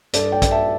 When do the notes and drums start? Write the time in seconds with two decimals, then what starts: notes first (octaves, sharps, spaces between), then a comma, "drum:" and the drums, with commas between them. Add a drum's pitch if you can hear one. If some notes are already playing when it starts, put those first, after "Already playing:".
0.13 G2 A4 D5, drum: hi-hat
0.32 D5 G5
0.42 G2, drum: kick, hi-hat
0.51 E5 A5